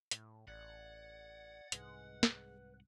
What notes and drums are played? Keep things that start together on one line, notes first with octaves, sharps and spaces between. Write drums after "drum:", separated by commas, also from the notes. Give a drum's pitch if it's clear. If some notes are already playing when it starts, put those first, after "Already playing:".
A2, drum: hi-hat
A1 D5 F#5 G#6
C2 G#2 G#3 B4, drum: hi-hat
drum: snare